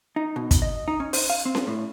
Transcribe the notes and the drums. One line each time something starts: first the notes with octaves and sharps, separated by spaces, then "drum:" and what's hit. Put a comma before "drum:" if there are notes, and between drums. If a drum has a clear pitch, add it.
D#4
B2
drum: kick, hi-hat
D#5
D#4
C#4
C5, drum: open hi-hat
F5
C4
drum: snare C#4
A2